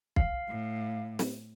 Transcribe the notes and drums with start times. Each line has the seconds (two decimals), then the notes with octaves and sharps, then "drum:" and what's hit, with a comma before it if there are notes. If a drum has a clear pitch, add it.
0.16 F5, drum: kick
0.49 A2
1.19 drum: snare